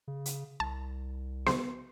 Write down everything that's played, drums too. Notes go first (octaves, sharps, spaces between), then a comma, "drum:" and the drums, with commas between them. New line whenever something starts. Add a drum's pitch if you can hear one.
C#3
drum: hi-hat
C2 A5
C5, drum: snare B3